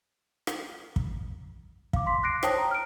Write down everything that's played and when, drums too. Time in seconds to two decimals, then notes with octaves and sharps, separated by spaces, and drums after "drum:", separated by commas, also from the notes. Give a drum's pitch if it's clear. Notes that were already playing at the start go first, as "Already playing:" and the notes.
0.47 drum: rim click
0.96 drum: kick
1.93 F5 D6, drum: kick
2.07 C6 B6
2.23 D6 F#6 A#6 C7 D7
2.43 C5 C#5 G5 A5 D#6, drum: rim click
2.58 A#5
2.71 F6 D7